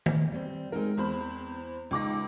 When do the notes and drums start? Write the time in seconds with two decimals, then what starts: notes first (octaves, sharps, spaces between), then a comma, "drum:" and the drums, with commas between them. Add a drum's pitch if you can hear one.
0.06 drum: tom D#3
0.32 G3 C4
0.72 G#3 C4 D#4 A#4
0.97 E2 C4 C5 B5
1.91 C#2 G#3 D#4 D6 A#6